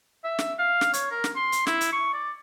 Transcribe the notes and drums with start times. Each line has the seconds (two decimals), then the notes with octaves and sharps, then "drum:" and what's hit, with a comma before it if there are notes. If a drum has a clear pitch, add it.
0.24 E5
0.39 drum: snare
0.59 F5
0.81 drum: snare
0.93 C#5, drum: hi-hat
1.11 A#4
1.24 drum: snare
1.36 C6
1.52 drum: hi-hat
1.67 E4, drum: snare
1.81 drum: hi-hat
1.93 C#6
2.14 D5